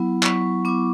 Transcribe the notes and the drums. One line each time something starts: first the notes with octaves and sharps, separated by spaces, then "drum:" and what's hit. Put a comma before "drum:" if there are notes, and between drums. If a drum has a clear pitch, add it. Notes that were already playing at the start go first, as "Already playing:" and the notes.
Already playing: F#3 B3 E4
F#3 C#6, drum: clap
B3 E4 D6